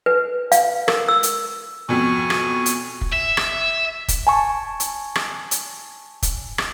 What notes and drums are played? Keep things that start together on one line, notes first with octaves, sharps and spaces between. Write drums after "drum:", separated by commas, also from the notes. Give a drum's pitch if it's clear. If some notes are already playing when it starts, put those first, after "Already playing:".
B4
F5, drum: hi-hat
A#4, drum: rim click
E6
drum: hi-hat
F2 B2 G#5 C#6
drum: rim click
drum: hi-hat
drum: kick
E5
drum: rim click
drum: kick, hi-hat
G#5 A5 C#6
drum: hi-hat
drum: rim click
drum: hi-hat
drum: kick, hi-hat
drum: rim click